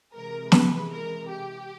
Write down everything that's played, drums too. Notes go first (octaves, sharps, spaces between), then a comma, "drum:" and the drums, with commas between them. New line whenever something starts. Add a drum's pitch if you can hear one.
C3 E3 G#3 A#4
B4, drum: snare
A#4
G4